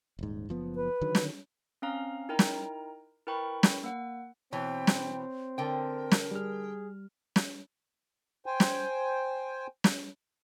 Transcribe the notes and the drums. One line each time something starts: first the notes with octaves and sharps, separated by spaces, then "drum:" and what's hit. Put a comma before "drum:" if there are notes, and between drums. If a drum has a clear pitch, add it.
D#1 G#2
F#1 F3 B3
B4
D3 D#3 F#3
drum: snare
C4 C#4 F5 A#5
D#4 E4 A#4 G5 A#5
drum: snare
E4 A#4 B4 G5 B5 C#6
drum: snare
A#3 F#5
B2 E3 C4 C#5 G5
drum: snare
D3 A#4 G5
drum: snare
G3 G#4 F6
drum: snare
C5 G5 G#5
drum: snare
drum: snare